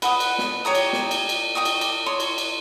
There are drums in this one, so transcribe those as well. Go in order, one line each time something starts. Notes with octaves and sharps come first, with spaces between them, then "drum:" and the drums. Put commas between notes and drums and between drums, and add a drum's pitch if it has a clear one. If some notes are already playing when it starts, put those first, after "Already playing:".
B4 F#5 D#6, drum: cymbal
drum: cymbal
drum: snare
G4 C#5 A#5 D#6
drum: cymbal
drum: snare
drum: cymbal
drum: cymbal
D#5 G5 C#6 D#6
drum: cymbal
D6, drum: cymbal
C#5 C6 D#6
drum: cymbal
drum: cymbal